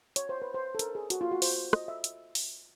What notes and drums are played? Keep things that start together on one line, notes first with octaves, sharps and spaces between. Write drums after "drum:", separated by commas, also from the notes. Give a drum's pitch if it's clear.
C#5, drum: hi-hat
C5
B4
C5
A4
A#4, drum: hi-hat
G#4
F#4, drum: hi-hat
F4
F#4
C5, drum: open hi-hat
D#5, drum: rim click
E5
drum: hi-hat
drum: open hi-hat